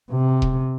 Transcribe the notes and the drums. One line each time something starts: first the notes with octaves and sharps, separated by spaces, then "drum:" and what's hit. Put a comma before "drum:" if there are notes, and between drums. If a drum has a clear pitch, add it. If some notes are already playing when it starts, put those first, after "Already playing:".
C3
drum: kick D#1